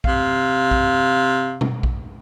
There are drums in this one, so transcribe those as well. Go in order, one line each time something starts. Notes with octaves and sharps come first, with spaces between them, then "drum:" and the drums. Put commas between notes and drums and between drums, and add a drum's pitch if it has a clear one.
C3 F5, drum: kick A#1
drum: kick A#1
drum: tom B2
drum: kick A#1